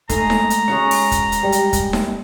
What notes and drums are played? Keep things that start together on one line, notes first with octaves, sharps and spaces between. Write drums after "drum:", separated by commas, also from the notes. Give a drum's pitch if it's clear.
G#3 A3 D#4 G#5 A#5, drum: kick, hi-hat
drum: snare D#4
drum: hi-hat
G#3 C#4 F#4 G#4 C#5 C#7
drum: open hi-hat
drum: kick, hi-hat
drum: hi-hat
G3
drum: hi-hat
drum: kick, hi-hat
drum: snare D#4